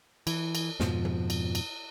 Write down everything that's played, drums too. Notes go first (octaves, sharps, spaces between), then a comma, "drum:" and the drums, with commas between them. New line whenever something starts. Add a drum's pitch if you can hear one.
E3, drum: cymbal
drum: cymbal
F2 G#2 B2 F3, drum: snare
drum: tom
drum: cymbal
drum: cymbal